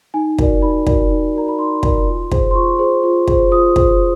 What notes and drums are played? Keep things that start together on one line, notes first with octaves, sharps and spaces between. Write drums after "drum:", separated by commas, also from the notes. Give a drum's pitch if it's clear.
D#4 G#5
F#4 A#4 D5, drum: kick
D#4 B5
F#4 A#4 D5, drum: kick
D#4
F#4 A#4 D5 A#5
B5
D#4 C6
F#4 A#4 D5, drum: kick
F4
G#4 C5, drum: kick
C6
F4 C#6
G#4 C5
F4
G#4 C5, drum: kick
F4 D#6
G#4 C5, drum: kick